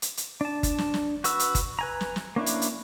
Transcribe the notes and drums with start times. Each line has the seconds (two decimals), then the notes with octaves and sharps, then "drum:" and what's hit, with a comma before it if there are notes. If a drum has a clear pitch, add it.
0.02 drum: hi-hat
0.17 drum: hi-hat
0.41 D4 A5
0.63 drum: kick G1, hi-hat
0.78 drum: snare
0.94 drum: snare
1.24 F#4 B4 E6, drum: hi-hat
1.39 drum: hi-hat
1.55 drum: kick G1, hi-hat
1.79 B4 G#5 A#5
2.01 drum: snare
2.16 drum: snare
2.36 A#3 C#4 D4 E4
2.46 drum: hi-hat
2.62 drum: hi-hat